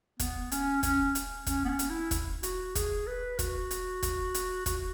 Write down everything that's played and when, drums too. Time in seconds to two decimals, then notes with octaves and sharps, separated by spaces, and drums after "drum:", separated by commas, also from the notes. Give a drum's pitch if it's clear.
0.19 B3, drum: kick, hi-hat
0.52 C#4, drum: hi-hat
0.83 C#4, drum: kick, hi-hat
1.15 drum: hi-hat
1.46 C#4, drum: kick, hi-hat
1.65 B3
1.69 C#4
1.79 drum: hi-hat
1.90 E4
2.11 drum: kick, hi-hat
2.43 F#4, drum: hi-hat
2.75 G#4, drum: kick, hi-hat
3.07 B4
3.39 F#4, drum: kick, hi-hat
3.71 drum: hi-hat
4.03 drum: kick, hi-hat
4.34 drum: hi-hat
4.66 F#4, drum: kick, hi-hat